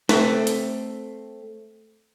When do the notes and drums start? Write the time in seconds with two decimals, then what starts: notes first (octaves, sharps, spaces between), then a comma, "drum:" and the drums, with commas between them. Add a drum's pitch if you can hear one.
0.09 A3 C4, drum: snare
0.47 drum: hi-hat